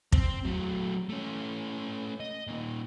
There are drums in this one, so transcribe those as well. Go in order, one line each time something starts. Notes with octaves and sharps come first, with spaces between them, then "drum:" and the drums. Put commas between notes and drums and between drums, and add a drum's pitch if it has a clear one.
C4, drum: kick
F#3 A3
A3 C#4
D#5
A#2 D#3